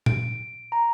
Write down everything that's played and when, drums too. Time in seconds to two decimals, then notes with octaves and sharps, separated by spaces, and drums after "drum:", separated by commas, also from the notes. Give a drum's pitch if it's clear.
0.06 D7, drum: tom A#2
0.72 A#5